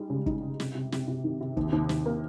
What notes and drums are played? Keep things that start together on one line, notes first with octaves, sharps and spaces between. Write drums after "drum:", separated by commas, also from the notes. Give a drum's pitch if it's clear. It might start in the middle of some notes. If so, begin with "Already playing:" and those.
Already playing: G3 G#3 D#4
C#3
D#4, drum: kick
C#3
C3, drum: snare
C3
C3, drum: snare
C3
D#3
C3
D#2, drum: kick
D#2
D#2, drum: snare
A#3